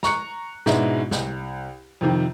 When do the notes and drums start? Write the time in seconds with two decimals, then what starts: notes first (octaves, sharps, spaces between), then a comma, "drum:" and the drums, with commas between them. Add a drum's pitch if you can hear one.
0.03 A#5 C#6 F#6 C#7, drum: snare
0.66 G#2 B2 G#3 D4 E4 F#4, drum: snare
1.11 C2, drum: snare
2.01 F2 C3 D#3 F3